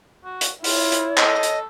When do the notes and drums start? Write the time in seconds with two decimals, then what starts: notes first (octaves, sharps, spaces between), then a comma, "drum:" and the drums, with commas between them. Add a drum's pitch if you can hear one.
0.24 F#4
0.41 drum: hi-hat
0.64 E4 F4 C#5, drum: open hi-hat
0.92 drum: hi-hat
1.18 A4 D#5, drum: clap
1.43 drum: hi-hat